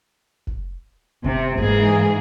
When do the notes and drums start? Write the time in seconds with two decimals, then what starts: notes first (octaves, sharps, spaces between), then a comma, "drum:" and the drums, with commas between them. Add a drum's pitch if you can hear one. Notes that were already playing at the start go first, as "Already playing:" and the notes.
0.47 drum: kick F1
1.24 C3, drum: kick F1
1.57 G#2 E3 G#3 A#3 G#4, drum: kick F1